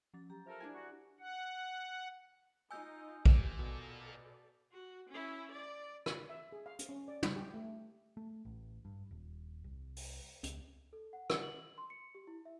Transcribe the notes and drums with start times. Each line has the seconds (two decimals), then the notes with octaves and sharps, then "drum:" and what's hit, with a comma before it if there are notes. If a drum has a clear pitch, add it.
0.14 F3 C#4 A6
0.30 F#3 G4 A#5
0.47 F3 A4 A#4 E5
0.60 D4 E4 G#5
0.74 F#4
1.20 F#5
2.71 D#4 F4 D#5 G#5 E6 G6
3.26 A#2 G4, drum: kick A#1
3.59 B2 A4 D5
4.73 F#4
5.10 C#4 E4
5.52 D5
6.06 B5, drum: rim click
6.30 E5
6.52 G#4
6.66 F5
6.79 drum: hi-hat
6.89 C#4
7.08 D5
7.23 drum: tom
7.36 G4
7.54 A3
8.17 A3
8.45 A1
8.85 G2
9.11 D#1
9.64 C2
9.96 drum: open hi-hat
10.44 C#2, drum: hi-hat
10.93 A4
11.13 F#5
11.30 drum: rim click
11.42 F#7
11.78 C6
11.90 C#7
12.15 G4
12.27 E4
12.45 E5